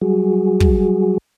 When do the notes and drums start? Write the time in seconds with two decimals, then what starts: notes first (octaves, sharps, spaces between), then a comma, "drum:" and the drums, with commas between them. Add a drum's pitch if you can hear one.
0.01 F#3 G3 F#4 G#4
0.60 drum: kick